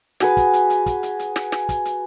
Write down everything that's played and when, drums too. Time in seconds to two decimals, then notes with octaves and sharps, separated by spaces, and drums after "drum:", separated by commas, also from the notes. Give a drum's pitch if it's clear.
0.20 F#4 G#4 B4, drum: snare
0.37 drum: kick, hi-hat
0.53 drum: hi-hat
0.70 drum: hi-hat
0.86 drum: kick, hi-hat
1.03 drum: hi-hat
1.19 drum: hi-hat
1.36 drum: snare
1.52 drum: snare
1.69 drum: kick, hi-hat
1.85 drum: hi-hat